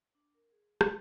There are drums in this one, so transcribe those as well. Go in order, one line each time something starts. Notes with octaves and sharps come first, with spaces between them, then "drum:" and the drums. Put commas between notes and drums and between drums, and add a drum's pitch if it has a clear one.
D4
A#4
G#4
D#4, drum: rim click